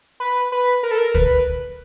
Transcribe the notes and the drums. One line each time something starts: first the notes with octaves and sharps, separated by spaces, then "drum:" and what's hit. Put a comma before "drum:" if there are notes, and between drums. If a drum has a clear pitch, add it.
B4
B4
A#4
A4
A#4
B4, drum: kick